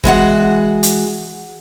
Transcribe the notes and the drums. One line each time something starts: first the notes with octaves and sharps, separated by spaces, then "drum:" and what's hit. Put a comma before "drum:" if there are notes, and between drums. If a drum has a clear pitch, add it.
E3 G#3 F#4 F#5, drum: kick
drum: hi-hat